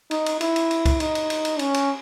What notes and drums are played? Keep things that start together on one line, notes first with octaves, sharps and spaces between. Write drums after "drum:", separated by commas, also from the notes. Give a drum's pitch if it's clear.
D#4, drum: cymbal
drum: cymbal
E4, drum: cymbal
drum: cymbal
drum: cymbal
drum: kick, cymbal
D#4, drum: cymbal
drum: cymbal
drum: cymbal
drum: cymbal
C#4, drum: cymbal
drum: cymbal